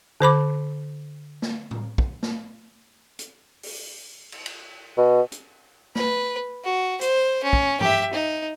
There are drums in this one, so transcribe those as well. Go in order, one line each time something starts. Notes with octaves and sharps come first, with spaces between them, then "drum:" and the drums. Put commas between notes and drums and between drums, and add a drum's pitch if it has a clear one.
D3 C5 B5 D6
drum: snare
drum: tom A2
drum: kick
drum: snare
drum: hi-hat
drum: open hi-hat
drum: cymbal
drum: cymbal
B2
drum: hi-hat
B4, drum: snare
F#4
C5, drum: hi-hat
C#4
drum: kick
G4 E5, drum: tom G2
D#4